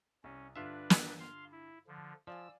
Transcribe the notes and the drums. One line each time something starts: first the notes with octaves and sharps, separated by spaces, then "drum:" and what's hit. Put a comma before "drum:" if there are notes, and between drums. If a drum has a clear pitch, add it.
C2 C#4
G2 D3 D4 F4 B4 E5
drum: snare
F5 C6
E4
D3 F3
F3 D5 F5 G#5 E6